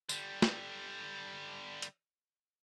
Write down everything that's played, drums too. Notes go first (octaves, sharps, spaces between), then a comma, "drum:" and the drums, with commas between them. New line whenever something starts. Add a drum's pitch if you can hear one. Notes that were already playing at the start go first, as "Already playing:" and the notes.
D3 G3, drum: tambourine
drum: snare
drum: hi-hat